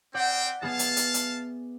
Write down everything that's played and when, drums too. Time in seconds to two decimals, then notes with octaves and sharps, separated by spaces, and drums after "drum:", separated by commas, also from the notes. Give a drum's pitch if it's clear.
0.14 C4 G4 D5 F#5 G5
0.62 B3 G#4 E5 F5 A5
0.79 drum: hi-hat
0.97 drum: hi-hat
1.14 drum: hi-hat